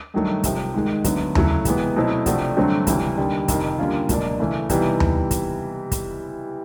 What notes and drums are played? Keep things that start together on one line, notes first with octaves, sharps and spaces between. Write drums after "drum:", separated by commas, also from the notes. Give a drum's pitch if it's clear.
G2 D#3 F#3 A3
C2 C3 F3, drum: kick, hi-hat
G#2 D#3 G#3
D2 D3 F#3 B3, drum: kick, hi-hat
C#3 F#3 A3 C#4 E4, drum: tom D#2
C3 E3 G#3 B3, drum: kick, hi-hat
B2 F#3 A3 C4 E4
C3 F3 A3 D4 F#4, drum: kick, hi-hat
G2 D3 F#3 A3 C4
C#2 C3 E3 G3, drum: kick, hi-hat
D#2 D3 G3
F2 C3 D#3, drum: kick, hi-hat
D3 G3 A#3 C#4 F4
C#2 B2 F#3 A#3 D4, drum: kick, hi-hat
C#3 E3 A3
C3 E3 G3 B3 D#4, drum: kick, hi-hat
drum: tom D#2
drum: kick, hi-hat
drum: kick, hi-hat